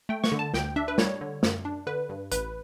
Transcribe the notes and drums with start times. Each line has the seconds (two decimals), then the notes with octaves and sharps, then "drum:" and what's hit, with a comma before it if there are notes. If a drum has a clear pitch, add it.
0.09 A3 G5
0.24 C#6, drum: snare
0.32 D3
0.39 A5
0.54 D2 G5, drum: snare
0.76 D4 E5
0.88 B4
0.98 G3 C#5, drum: snare
1.21 D3
1.43 F#2, drum: snare
1.65 D4
1.87 D3 B4
2.09 G2
2.32 A1 B4, drum: hi-hat